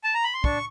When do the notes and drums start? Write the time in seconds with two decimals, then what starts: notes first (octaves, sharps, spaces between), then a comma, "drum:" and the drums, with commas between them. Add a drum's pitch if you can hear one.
0.04 A5
0.14 A#5
0.24 B5
0.34 C6
0.44 D4 C#6, drum: kick